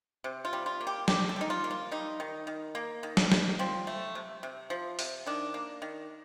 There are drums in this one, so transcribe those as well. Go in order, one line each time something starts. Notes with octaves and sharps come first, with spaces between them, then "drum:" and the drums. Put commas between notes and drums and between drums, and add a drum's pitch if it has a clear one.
C3
F4
G3
F4
A#3
G4
G3 G4, drum: snare
A4
G3 D#4
F4
A#3
F4
G3 D#4
D#3
D#3
A#3
D#3
drum: snare
D#3, drum: snare
F3 C4
A3
C3
C3
F3
C3, drum: open hi-hat
D#3 D4
A#3
D#3